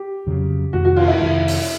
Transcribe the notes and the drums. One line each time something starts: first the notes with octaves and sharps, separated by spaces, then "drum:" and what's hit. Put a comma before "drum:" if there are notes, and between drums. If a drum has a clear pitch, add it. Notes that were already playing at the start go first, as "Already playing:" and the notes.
Already playing: G4
F2 C#3 F#3
F2 C3 D#3 G#3 F#4
F#4
F4, drum: cymbal
E4
F2 C3 D#3 G#3
drum: open hi-hat